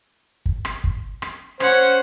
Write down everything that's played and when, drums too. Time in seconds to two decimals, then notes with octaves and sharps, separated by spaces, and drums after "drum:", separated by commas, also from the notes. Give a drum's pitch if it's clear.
0.46 drum: kick
0.65 drum: rim click
0.84 drum: kick
1.22 drum: rim click
1.60 C#4 C5 F#5, drum: rim click